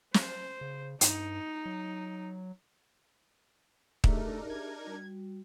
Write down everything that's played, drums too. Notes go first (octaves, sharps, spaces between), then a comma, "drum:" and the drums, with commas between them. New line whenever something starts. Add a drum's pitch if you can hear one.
C5, drum: snare
C#3
G2 D#4, drum: hi-hat
F#3
A3 D4 D#4 G4 G#4 A#4 E5, drum: kick
G#6
G3 F#4